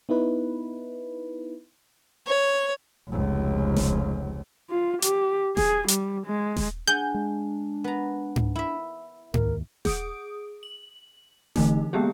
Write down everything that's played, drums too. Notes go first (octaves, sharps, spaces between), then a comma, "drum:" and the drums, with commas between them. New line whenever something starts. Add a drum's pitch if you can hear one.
B3 D#4 E4 B4
C#5
F1 C#2
drum: snare D#1
F4
G4, drum: hi-hat
G#4, drum: snare D#1
G3, drum: hi-hat
G#3
drum: snare D#1
D4 G#4 F#5 G6
G#3
B3 A#5
drum: tom G#2
E4 E5
D#2 A#4, drum: tom G#2
G#4 D#6 D7, drum: snare D#1
F#7
D3 E3 A3 D#4, drum: snare D#1
G#3 A#3 B3 G4 G#4